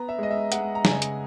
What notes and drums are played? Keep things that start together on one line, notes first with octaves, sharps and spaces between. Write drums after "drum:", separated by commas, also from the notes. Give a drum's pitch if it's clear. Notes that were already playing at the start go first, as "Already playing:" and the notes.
Already playing: B3 A#5
E5
G#3 D#5
E5
G#3 F#5, drum: hi-hat
A#5
C#3 G#5, drum: snare
drum: hi-hat